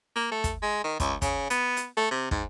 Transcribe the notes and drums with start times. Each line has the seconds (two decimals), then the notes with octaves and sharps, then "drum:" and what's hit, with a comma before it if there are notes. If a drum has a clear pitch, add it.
0.16 A#3
0.31 A3
0.44 drum: kick, hi-hat
0.62 G#3
0.84 D#3
1.00 C#2, drum: kick, hi-hat
1.22 C#3, drum: kick, hi-hat
1.50 B3, drum: hi-hat
1.77 drum: hi-hat
1.97 A3
2.11 C3
2.31 G#2, drum: kick